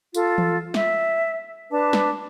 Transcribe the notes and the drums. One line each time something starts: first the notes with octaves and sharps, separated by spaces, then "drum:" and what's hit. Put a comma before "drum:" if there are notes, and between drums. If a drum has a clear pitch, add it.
F4 A4, drum: tambourine
drum: tom E3
E5, drum: snare
D4 B4 A5 D6
drum: snare